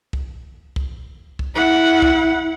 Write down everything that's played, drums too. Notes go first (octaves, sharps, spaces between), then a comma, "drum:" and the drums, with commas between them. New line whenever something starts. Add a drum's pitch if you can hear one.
drum: kick
drum: kick
drum: kick
E4 F#5
drum: kick